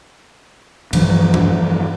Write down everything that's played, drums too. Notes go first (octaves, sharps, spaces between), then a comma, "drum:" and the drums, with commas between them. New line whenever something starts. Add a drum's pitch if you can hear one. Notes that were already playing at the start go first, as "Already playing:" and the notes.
G2 E3 F3, drum: cymbal
drum: tom G2